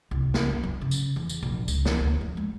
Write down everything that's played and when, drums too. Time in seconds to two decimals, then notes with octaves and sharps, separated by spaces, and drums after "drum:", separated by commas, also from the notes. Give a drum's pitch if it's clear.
0.11 C2
0.34 C#3, drum: snare
0.50 F2
0.63 F#3
0.81 C#3
0.91 drum: tambourine
1.16 E2
1.29 drum: tambourine
1.43 A#1
1.68 C#2, drum: tambourine
1.85 E2, drum: snare
2.00 D2
2.21 F2
2.37 G#3